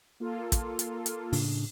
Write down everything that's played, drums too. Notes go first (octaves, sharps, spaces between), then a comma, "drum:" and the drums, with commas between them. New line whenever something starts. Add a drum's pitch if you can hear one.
A#3 F4 A4
drum: kick, hi-hat
drum: hi-hat
drum: hi-hat
A2 C#3 D4, drum: open hi-hat